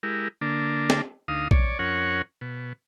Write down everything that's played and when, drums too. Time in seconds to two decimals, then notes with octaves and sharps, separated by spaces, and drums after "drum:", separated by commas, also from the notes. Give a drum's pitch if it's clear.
0.03 G#3 E4 G4 A#4
0.41 D3 A#3 D4
0.90 drum: snare
1.28 D2 D#4 F5 D#6
1.51 C#5 D5, drum: kick
1.79 F2 C#4 A#4 C#5 F#5
2.41 B2